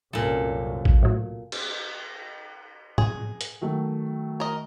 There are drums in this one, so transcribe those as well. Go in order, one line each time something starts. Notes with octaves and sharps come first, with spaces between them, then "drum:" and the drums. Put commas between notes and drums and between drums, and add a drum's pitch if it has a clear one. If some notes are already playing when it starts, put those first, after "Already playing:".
C2 F#2 A#2 A4
drum: kick A1
A2 F#3
drum: cymbal
G#4, drum: tom A2
drum: hi-hat
D#3 F#3 A3
A#4 D#5